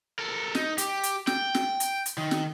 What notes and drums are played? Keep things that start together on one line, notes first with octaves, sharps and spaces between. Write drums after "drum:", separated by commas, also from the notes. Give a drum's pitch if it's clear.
A4 A#4
D#4, drum: snare
G4, drum: hi-hat
drum: hi-hat
G5, drum: snare
drum: snare
drum: hi-hat
drum: hi-hat
D#3
drum: snare